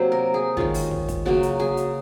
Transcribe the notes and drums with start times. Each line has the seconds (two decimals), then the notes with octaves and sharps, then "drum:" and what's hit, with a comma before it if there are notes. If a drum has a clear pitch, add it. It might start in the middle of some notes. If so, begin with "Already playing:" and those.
Already playing: C3 F#3 A#3 C5
0.12 A#4
0.34 G#4
0.57 D#3 G#3 C#4 F4, drum: kick
0.74 drum: open hi-hat
0.91 drum: kick
1.09 drum: kick, hi-hat
1.26 C#3 F#3 A#3 F#4
1.43 drum: hi-hat
1.59 G#4, drum: snare
1.77 drum: hi-hat